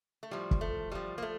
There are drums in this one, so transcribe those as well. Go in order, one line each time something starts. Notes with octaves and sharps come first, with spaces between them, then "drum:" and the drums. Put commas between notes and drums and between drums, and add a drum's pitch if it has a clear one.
A3
A2 F3 G3
drum: kick
A3
A2 F3 G3
A#3
A3